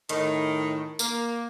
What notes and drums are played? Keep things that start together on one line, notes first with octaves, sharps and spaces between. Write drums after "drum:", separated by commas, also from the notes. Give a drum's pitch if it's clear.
A2 D#3, drum: hi-hat
A#3, drum: tambourine